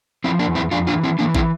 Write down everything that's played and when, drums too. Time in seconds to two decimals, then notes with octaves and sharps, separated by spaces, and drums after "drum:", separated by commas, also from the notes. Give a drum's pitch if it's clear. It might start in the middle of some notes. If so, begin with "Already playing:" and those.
0.24 F3 C4 E4
0.39 A#3 D4
0.47 E2
0.55 C4 E4
0.71 F2 D4 F4
0.87 D4 F4
0.95 E3
1.04 C4 E4
1.19 E3 A#3 D4
1.35 C4 E4, drum: kick